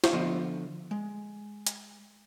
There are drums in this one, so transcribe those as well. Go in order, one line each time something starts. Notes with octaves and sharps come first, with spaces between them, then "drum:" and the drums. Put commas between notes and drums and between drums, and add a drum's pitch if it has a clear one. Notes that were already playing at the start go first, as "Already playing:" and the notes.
drum: snare
D3 F3 B3 F4 D#5 E5
G#3
drum: hi-hat